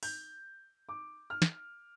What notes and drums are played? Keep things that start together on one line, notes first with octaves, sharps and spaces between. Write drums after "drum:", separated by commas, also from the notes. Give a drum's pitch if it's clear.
G6, drum: open hi-hat
D6
F6
drum: snare